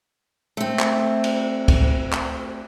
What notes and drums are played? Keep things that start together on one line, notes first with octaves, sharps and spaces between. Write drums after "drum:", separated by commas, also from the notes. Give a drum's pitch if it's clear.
A3 C4
drum: clap
drum: cymbal
drum: kick, cymbal
drum: clap